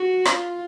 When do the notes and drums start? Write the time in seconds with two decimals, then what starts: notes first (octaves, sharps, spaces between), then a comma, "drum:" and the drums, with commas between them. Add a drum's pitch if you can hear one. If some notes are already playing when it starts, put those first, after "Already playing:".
Already playing: F#4
0.25 F4, drum: rim click